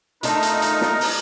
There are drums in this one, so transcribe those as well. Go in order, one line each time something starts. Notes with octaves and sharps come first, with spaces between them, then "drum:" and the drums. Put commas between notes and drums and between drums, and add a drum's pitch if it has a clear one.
A3 D4 D#4 F4 A#4, drum: hi-hat
drum: hi-hat
drum: hi-hat
drum: snare
drum: open hi-hat